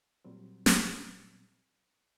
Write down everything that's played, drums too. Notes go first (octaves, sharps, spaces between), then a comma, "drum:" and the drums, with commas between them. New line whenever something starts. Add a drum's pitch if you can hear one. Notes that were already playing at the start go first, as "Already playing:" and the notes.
A#2 F#3 G3 C4
drum: snare